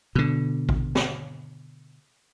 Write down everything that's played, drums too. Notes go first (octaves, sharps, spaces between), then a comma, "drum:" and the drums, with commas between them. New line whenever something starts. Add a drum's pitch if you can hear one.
B2 D3
drum: kick A1
drum: snare